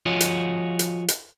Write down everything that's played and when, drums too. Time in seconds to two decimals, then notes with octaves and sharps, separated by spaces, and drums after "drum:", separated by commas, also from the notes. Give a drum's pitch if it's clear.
0.06 F3 F4 F#4 G#4 C#5 D#5
0.20 drum: hi-hat
0.79 drum: hi-hat
1.08 drum: hi-hat